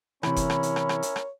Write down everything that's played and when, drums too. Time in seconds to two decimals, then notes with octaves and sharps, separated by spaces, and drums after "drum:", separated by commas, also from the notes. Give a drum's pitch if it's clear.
0.23 C3 E3 C#4 E4 A#4 C#5 B5, drum: rim click
0.36 drum: kick F#1, hi-hat
0.50 drum: rim click
0.63 drum: hi-hat
0.76 drum: rim click
0.89 drum: rim click
1.02 drum: hi-hat
1.16 drum: rim click